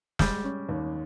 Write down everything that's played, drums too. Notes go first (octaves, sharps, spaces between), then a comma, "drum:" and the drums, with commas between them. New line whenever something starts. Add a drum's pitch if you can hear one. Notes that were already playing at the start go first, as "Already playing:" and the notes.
G3 G#3, drum: snare
C#4
D#2